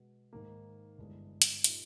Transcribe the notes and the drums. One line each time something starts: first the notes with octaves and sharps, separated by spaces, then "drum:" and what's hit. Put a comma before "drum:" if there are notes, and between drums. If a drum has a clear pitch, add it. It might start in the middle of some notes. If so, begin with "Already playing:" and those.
Already playing: B2 G#3 B3
G#2 D#3 A#3
G1 G2 E3 G#3
drum: hi-hat
A#2 A#3 D#4 G4, drum: hi-hat